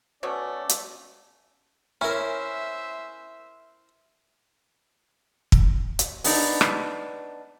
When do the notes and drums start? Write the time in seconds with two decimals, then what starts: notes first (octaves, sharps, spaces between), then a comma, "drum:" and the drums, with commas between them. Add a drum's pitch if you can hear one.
0.23 B2 A3 C#4 C#5 D5
0.69 drum: hi-hat
2.01 C#4 E4 A#4 C5 E5
5.52 drum: kick
5.99 drum: hi-hat
6.24 B3 D4 D#4, drum: open hi-hat
6.61 drum: rim click